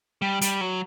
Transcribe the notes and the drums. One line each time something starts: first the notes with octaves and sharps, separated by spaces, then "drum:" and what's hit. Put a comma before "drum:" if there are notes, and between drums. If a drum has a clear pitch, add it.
G3
G3, drum: hi-hat
F#3